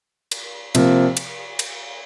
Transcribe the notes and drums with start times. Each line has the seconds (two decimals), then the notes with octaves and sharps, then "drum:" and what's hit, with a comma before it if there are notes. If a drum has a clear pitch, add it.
0.31 drum: cymbal
0.75 C3 F3 A#3, drum: cymbal
1.17 drum: cymbal
1.59 drum: cymbal